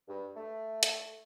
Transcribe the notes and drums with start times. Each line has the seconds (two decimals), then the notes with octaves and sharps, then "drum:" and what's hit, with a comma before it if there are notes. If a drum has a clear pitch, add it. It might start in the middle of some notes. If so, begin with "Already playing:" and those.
0.08 G2
0.35 A3
0.83 drum: hi-hat